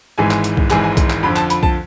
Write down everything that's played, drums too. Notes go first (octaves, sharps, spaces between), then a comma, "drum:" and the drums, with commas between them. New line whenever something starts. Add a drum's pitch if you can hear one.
G#1 G#2 E3 G#3 G#5
drum: clap
drum: hi-hat
drum: kick B1
G#1 G#2 E3 G#3 G#5, drum: clap
G#5
drum: kick B1, hi-hat
drum: clap
F2 D3 F3 B5
A5, drum: clap
B5, drum: hi-hat
A5, drum: kick B1